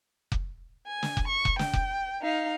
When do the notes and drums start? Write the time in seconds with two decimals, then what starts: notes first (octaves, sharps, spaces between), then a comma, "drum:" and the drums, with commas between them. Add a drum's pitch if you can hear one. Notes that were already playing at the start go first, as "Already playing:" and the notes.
0.32 drum: kick F1
0.88 G#5
1.03 drum: snare
1.17 drum: kick F1
1.28 C#6
1.45 drum: kick F1
1.59 G5, drum: snare
1.73 drum: kick F1
2.22 D#4 F5